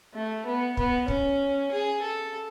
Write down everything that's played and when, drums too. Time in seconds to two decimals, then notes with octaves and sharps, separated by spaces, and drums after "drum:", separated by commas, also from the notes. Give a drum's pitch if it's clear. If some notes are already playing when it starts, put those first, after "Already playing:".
0.14 A3
0.46 B3
0.77 B3, drum: kick
1.08 C#4, drum: kick
1.72 G#4
2.02 A4